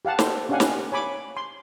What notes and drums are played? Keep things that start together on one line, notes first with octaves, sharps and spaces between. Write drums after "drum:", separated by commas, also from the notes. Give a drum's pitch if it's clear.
G4 F5 F#5 A5
A4 C5 C6, drum: snare
C#4 D4 G4 F5 F#5 G#5
drum: snare
C#5 G#5 B5 D6
C6